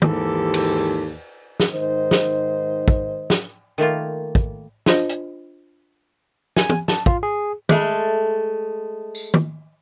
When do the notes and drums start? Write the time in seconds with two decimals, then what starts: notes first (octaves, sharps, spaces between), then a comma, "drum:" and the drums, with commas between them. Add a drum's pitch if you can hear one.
0.02 D#2 G#2 E3 G4 A4, drum: tom
0.54 drum: cymbal
1.60 drum: snare
1.70 G#2 D#3 C5 D#5
2.11 drum: snare
2.88 drum: kick
3.30 drum: snare
3.78 D#3 A3 A#3 F4
4.35 drum: kick
4.86 D4 F4 C5 D#5, drum: snare
5.09 drum: hi-hat
6.56 G#5, drum: snare
6.70 drum: tom
6.88 A5, drum: snare
7.06 F4, drum: kick
7.23 G#4
7.69 G#3 A3, drum: tom
9.15 drum: tambourine
9.34 drum: tom